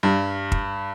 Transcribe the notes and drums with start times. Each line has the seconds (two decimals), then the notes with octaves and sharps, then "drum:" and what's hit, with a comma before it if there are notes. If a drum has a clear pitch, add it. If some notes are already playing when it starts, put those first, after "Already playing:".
0.03 G2
0.52 drum: kick